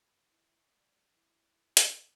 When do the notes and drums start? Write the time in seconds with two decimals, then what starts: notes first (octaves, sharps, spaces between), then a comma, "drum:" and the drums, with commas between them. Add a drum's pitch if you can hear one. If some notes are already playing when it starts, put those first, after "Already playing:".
0.01 B5
0.31 E4
0.69 D5
1.14 E4
1.77 drum: hi-hat
1.90 D5